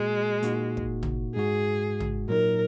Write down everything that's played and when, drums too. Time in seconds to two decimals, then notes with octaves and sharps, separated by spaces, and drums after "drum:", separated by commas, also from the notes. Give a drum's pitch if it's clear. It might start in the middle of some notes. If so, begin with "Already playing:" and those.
Already playing: A#2 G#3 A#3 F#4
0.42 A#2 A#3 D#4 F#4, drum: hi-hat
0.77 drum: kick
1.03 drum: tom
1.36 G#2 G#3 F#4 G#4
2.00 drum: tom
2.28 A#2 F#3 D#4 A#4